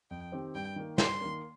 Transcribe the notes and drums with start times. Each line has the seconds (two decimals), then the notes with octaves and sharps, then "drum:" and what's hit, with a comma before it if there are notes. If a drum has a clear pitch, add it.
0.11 F2 G5
0.32 D#3 C4 G4
0.55 G2 G5
0.76 D#3 A#3
0.98 G2 C6, drum: snare
1.21 D#3 A#3